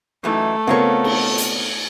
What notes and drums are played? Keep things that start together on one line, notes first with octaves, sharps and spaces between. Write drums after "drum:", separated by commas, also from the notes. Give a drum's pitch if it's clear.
F#2 E3 A3 D#4
C#3 B3 C4 F4 A#4 C#5
drum: cymbal
drum: hi-hat